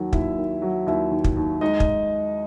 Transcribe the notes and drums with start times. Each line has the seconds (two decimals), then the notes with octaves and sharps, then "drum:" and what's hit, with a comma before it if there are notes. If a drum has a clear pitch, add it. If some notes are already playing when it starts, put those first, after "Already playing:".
Already playing: D#2 D#3 F#3
0.13 D#2 E4 E5, drum: kick
0.38 D#3
0.62 F#3
0.87 D#2 E4 E5
1.11 D#3
1.24 drum: kick
1.37 D#2
1.61 G#3 D#4 D#5
1.80 drum: kick